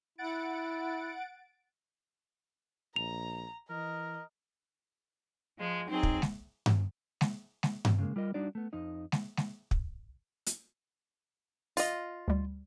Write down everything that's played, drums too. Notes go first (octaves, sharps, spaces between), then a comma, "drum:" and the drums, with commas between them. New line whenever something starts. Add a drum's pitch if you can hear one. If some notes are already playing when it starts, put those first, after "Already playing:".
E4 F#5 A6 D7
A#1 A#5 F7
E3 A#4 D#5
F3 G#3
F#3 C4 D#4 G#4
drum: kick
drum: snare G#3
drum: tom G2
drum: snare G#3
drum: snare G#3
B2, drum: tom G2
C#3 G#3 A#3
G3 F4 A#4 D#5
G3 D4 D#4 F#4 D5
A3 B3
F2 F3 D#4 D#5
drum: snare G#3
drum: snare G#3
drum: kick
drum: hi-hat
F4 D#5, drum: open hi-hat
D2 G3